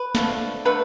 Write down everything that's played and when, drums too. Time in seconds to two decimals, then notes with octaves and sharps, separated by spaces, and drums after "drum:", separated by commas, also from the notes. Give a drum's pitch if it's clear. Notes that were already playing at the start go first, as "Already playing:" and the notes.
Already playing: B4
0.15 D3 F3 A3, drum: snare
0.65 D3 A3 B4